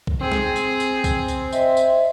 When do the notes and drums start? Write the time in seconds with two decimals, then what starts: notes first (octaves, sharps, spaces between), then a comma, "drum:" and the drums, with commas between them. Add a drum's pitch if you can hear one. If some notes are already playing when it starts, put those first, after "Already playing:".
0.07 drum: kick B1
0.21 C4 G#4
0.32 drum: snare
0.56 drum: tambourine
0.80 drum: tambourine
1.04 drum: kick B1, tambourine
1.28 drum: tambourine
1.53 C5 D#5 E5 C6, drum: tambourine
1.77 drum: tambourine